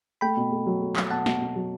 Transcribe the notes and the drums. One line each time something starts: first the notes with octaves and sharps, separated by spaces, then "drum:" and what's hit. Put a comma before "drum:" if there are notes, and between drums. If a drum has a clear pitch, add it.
A3 G5 B5
B2
A3
F#3
A3
F#3, drum: clap
B2 F#5 A5
B2, drum: snare
B2
F#3